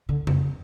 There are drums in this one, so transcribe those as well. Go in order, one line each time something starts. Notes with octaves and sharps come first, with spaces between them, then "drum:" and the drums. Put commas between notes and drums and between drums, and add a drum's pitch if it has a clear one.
D3
C#3, drum: tom F2